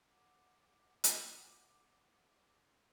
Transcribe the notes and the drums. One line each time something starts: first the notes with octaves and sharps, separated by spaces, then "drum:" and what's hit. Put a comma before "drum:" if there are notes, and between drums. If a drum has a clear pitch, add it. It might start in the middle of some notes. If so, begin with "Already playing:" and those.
F#5 D6
drum: hi-hat